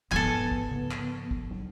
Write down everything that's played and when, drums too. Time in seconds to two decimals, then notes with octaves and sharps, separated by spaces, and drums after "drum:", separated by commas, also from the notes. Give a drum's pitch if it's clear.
0.11 G#2 F3 B3 A4 G#5, drum: clap
0.51 drum: kick
0.71 drum: tom C#3
0.91 drum: clap
1.31 drum: kick
1.51 drum: tom